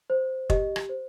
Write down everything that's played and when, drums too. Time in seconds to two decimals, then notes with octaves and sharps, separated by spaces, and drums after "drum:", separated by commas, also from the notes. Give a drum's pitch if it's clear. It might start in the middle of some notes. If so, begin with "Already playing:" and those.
0.10 C5
0.50 G4 D#5, drum: kick
0.76 drum: rim click
0.89 C5